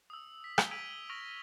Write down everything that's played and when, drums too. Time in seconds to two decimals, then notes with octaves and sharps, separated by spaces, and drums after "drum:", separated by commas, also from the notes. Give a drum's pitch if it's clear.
0.10 D#6 E6
0.44 B6
0.58 G7, drum: rim click
0.71 E6 G#6 B6 D7 D#7 F7
1.10 C#6 F6 A#6 D7 F7